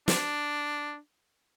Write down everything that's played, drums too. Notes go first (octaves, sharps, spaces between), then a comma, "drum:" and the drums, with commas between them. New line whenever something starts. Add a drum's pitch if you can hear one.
D4, drum: snare